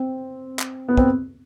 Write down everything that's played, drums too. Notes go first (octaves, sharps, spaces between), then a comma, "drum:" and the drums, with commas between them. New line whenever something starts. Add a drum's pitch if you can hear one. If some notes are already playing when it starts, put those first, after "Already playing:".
Already playing: C4
drum: clap
B3
C4, drum: kick